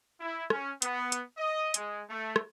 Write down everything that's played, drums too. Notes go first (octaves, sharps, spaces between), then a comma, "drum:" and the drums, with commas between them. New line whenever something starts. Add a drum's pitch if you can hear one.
E4
C#4, drum: rim click
B3, drum: hi-hat
drum: hi-hat
D#5
G#3, drum: hi-hat
A3
drum: rim click